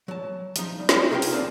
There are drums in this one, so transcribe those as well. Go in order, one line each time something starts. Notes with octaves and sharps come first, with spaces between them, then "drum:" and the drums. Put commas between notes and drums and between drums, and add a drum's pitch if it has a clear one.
F#3 A5
F3 D#4, drum: hi-hat
G3
drum: snare
D#4 F4 G#4 B4 F5 G5
drum: open hi-hat
D#2 F3 C4 A#4 D5 A5